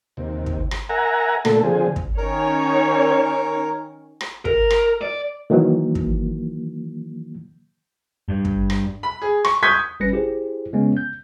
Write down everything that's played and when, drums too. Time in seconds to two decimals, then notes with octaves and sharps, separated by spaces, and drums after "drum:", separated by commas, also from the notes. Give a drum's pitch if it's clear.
0.17 D#2 C3
0.46 drum: kick
0.71 drum: rim click
0.89 A#4 E5 F#5 G#5 A#5
1.45 A#2 D3 A3 A4, drum: rim click
1.63 D3 F3 C4 G#4
1.96 drum: kick
2.17 D#3 C#4 A#4 C#5
4.21 drum: rim click
4.45 A#4, drum: kick
4.70 drum: rim click
5.01 D5
5.50 D#3 E3 F#3 A#3
5.95 drum: kick
8.28 G2
8.45 drum: kick
8.70 drum: rim click
9.03 B5
9.22 G#4
9.45 C#6, drum: rim click
9.63 C#6 D#6 G6 G#6 B6
10.00 G1 G3 C#4 B4 A#6 C#7
10.13 E4 G4 G#4 C5
10.73 C#3 G#3 B3 C#4
10.97 G6